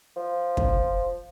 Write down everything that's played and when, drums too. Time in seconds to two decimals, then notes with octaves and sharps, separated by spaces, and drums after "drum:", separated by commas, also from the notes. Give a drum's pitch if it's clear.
0.17 F3
0.57 drum: kick